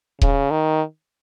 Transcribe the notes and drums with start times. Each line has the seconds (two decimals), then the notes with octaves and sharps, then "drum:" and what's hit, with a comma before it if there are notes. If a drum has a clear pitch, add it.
0.21 C#3, drum: kick D#1
0.51 D#3